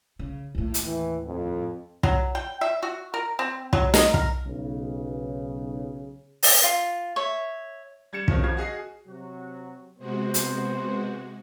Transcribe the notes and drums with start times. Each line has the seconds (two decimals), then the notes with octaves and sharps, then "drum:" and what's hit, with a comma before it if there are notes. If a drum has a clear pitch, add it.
0.19 C#3
0.55 D#2 A2
0.74 drum: hi-hat
0.86 E3
1.27 F2
2.03 F#3, drum: kick
2.35 G5
2.61 E5
2.83 F#4
3.14 A#4
3.39 C4
3.73 F#3, drum: kick
3.94 D#4, drum: snare
4.14 A#4, drum: kick
4.46 B1 C#3
6.43 drum: open hi-hat
6.63 F4
7.16 C#5 E5
8.13 G3 G#6 C#7 E7
8.28 D#3 F3 A3 A#3 C4 C#4, drum: kick
8.44 G#1 F3 F6 G#6
8.57 F#4 G#4 D#5 C7
9.07 C3 F#3 F#4
9.99 C3 G#3 B3 F#4 C5
10.34 drum: hi-hat